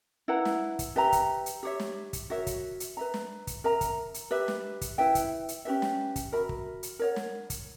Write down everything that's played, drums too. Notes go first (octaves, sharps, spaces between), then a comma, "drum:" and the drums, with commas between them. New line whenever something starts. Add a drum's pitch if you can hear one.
E4 B4 F#5 A#5
drum: snare
drum: kick, hi-hat
G4 B4 E5 A#5
drum: kick, hi-hat
drum: hi-hat
G4 C#5 E5
drum: snare
drum: kick, hi-hat
F#4 A#4 C#5 E5
drum: kick, hi-hat
drum: hi-hat
B4 E5 A#5
drum: snare
drum: kick, hi-hat
A#4 E5 A#5
drum: kick, hi-hat
drum: hi-hat
G4 B4 E5
drum: snare
drum: kick, hi-hat
E4 B4 E5 G5
drum: kick, hi-hat
drum: hi-hat
C#4 G4 B4 E5
drum: snare
drum: kick, hi-hat
F#4 A#4 E5 B5
drum: kick
drum: hi-hat
A#4 C#5 F#5
drum: snare
drum: kick, hi-hat